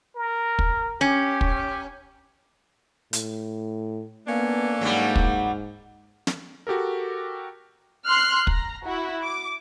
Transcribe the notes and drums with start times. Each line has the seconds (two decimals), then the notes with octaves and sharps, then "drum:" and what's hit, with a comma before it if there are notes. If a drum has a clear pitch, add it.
0.16 A#4
0.59 drum: kick
1.01 C#4 G4
1.41 drum: kick
3.13 A2, drum: hi-hat
4.27 A#3 B3 C#4 D4 A4
4.81 G#2 F#3 G3
5.16 drum: kick
6.27 drum: snare
6.67 F#4 G4 A4 A#4
8.08 C6 F6 F#6 C7
8.47 A#5, drum: kick
8.86 E4 F#4
9.23 D6